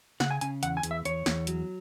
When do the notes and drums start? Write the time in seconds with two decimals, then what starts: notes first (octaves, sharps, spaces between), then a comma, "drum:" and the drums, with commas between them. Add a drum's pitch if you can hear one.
0.20 C#3 F#5, drum: snare
0.31 G#5
0.41 C#3 G#5, drum: hi-hat
0.63 E2 F#5, drum: hi-hat
0.77 G#5
0.83 E2, drum: hi-hat
0.91 E5
1.05 E2 C#5, drum: hi-hat
1.26 E2, drum: snare
1.47 F#3, drum: hi-hat